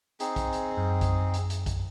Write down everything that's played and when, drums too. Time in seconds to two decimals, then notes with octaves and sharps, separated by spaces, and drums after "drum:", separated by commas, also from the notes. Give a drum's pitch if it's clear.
0.20 C4 D#4 G#4, drum: hi-hat
0.36 drum: kick, hi-hat
0.53 drum: hi-hat
0.77 F#2
1.01 drum: kick, hi-hat
1.34 drum: hi-hat
1.50 drum: hi-hat
1.66 drum: kick, hi-hat